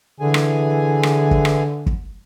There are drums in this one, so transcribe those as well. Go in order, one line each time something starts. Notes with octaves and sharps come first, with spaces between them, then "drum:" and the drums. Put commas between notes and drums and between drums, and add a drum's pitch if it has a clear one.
D3 E3 G#4 G#5
drum: rim click
drum: rim click
drum: kick
drum: rim click
drum: kick